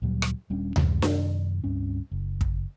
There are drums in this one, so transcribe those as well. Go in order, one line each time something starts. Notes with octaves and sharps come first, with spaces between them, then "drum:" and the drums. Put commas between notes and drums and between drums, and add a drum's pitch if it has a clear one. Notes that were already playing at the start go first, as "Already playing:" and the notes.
D2 A#2 F#3 G3
drum: rim click
D#1 G3 C#4 D4
F#2 C3 D#3 G#3, drum: tom D2
drum: snare D4
C#2 G2 C4 C#4
F#1
drum: kick